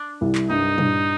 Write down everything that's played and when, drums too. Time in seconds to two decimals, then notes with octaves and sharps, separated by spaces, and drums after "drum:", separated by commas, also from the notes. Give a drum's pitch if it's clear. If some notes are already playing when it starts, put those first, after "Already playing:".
Already playing: D4
0.21 C2
0.35 drum: clap
0.50 G2 D#4, drum: tom F#3
0.78 G2, drum: tom A#2